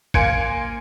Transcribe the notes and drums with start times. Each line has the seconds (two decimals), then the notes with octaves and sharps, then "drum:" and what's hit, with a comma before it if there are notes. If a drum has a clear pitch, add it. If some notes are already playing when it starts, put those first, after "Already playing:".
0.14 A#3 G#5 C6 G#6 C#7 D7, drum: kick A1